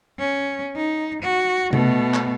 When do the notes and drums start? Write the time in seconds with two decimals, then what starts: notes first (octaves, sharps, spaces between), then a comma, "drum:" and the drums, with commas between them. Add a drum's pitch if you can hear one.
0.19 C#4
0.76 D#4
1.22 F#4
1.73 B2 A3, drum: tom C3
2.14 drum: clap